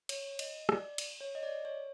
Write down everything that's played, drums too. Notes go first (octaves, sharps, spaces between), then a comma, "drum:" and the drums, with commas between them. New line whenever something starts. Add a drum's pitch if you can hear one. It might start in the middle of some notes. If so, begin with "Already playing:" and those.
C#5, drum: cymbal
D#5, drum: cymbal
D5, drum: rim click
drum: cymbal
C#5
D#5
D5
C#5